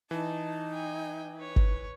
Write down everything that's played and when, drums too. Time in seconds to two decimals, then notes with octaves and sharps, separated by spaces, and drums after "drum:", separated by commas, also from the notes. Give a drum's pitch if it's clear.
0.11 E3 D#4 A5
0.72 G5 G#5
1.36 B4 C#5
1.56 drum: kick G1